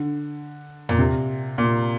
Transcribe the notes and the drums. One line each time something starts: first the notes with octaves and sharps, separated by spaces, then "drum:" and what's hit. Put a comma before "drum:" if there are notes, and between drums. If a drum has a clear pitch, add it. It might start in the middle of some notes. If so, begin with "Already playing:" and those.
Already playing: D3
A#2, drum: tom E2
C3
A#2